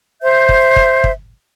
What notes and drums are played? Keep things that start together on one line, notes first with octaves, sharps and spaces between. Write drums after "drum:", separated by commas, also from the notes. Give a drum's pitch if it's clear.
C5 E5 G6
drum: kick
drum: kick
drum: kick